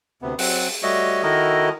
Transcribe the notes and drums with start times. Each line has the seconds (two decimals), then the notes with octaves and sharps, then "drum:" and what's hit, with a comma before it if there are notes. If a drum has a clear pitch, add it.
0.22 D2 C3 B3
0.39 F#3 C4 F#5, drum: open hi-hat
0.83 G3 A3 F#4 C#5 D#5 E5
1.23 D#3 E4 F#4 A4 A#4 D#5